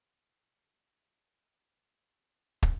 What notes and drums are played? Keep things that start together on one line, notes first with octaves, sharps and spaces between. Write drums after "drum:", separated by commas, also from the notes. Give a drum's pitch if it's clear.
A1 G#3 A#3 A4 C#5
drum: kick